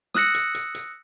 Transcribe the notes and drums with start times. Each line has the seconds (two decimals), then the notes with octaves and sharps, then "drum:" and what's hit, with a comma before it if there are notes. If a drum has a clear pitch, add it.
0.15 D#6 E6 F#6 A#6 C#7, drum: snare
0.35 drum: hi-hat
0.55 drum: hi-hat
0.75 drum: hi-hat